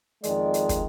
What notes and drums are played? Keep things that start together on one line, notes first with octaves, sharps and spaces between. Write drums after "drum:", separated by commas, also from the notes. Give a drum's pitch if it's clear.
F2 D#3 G#3 D5, drum: hi-hat
drum: hi-hat
drum: kick, hi-hat